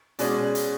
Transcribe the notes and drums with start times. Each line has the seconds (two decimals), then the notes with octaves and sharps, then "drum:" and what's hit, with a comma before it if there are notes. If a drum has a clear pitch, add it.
0.19 B2 G#3 C#4 D5, drum: hi-hat
0.55 drum: hi-hat